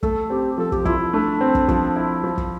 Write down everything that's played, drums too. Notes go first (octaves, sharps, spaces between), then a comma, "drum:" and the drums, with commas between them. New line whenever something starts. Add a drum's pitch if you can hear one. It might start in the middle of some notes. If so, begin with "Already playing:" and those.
A3 A4, drum: kick
C4 G4
F3 A4
G4, drum: kick
E4 F4, drum: kick
A3 D4
C4
drum: kick
F3, drum: kick
E4
F3
drum: kick